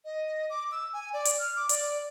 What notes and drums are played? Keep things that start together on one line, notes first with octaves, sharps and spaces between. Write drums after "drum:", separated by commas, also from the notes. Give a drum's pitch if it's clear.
D#5
D6
E6
G#5
D5
drum: hi-hat
F6
D6
D5, drum: hi-hat